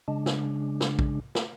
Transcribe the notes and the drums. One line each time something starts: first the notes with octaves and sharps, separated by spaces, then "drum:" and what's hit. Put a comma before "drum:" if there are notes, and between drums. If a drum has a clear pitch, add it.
C#3 G#3 D4
drum: snare
drum: snare
drum: kick A#1
drum: snare